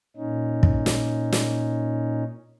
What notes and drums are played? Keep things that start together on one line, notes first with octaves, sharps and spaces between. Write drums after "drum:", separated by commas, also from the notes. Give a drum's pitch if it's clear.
A#2 C#4 D#4
drum: kick
drum: snare
drum: snare